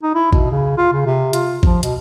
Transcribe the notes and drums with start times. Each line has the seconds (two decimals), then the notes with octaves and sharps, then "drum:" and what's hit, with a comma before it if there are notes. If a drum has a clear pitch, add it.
0.03 D#4
0.15 E4
0.33 B2, drum: kick
0.50 C#3
0.77 F4
0.93 C#3
1.06 C3
1.33 F4, drum: hi-hat
1.63 F3, drum: kick
1.83 B2, drum: hi-hat